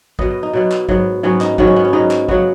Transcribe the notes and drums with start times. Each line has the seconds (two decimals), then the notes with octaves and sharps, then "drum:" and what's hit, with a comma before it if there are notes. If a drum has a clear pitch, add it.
0.19 B2 F#3 B3 D#5, drum: kick
0.31 D#5
0.43 D#4
0.53 B2 F#3 B3
0.71 drum: clap
0.89 G#2 F#3 B3, drum: kick
1.23 G#2 F#3 B3 C#4
1.41 D#4, drum: clap
1.58 G#2 D#3 F#3 B3 F#4, drum: kick
1.67 C#4
1.76 B3
1.85 C#4
1.93 G#2 D#3 F#3 B3 D#4
2.11 drum: clap
2.29 C#3 F#3 B3 F#4, drum: kick